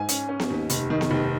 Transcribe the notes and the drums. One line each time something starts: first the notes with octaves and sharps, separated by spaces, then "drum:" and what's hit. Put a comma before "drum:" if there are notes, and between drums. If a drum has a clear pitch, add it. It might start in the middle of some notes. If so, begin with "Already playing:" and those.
Already playing: G#2 G#5
C#4, drum: hi-hat
C#4
drum: snare B3
D#2
F1, drum: hi-hat
D#3
drum: snare B3
F1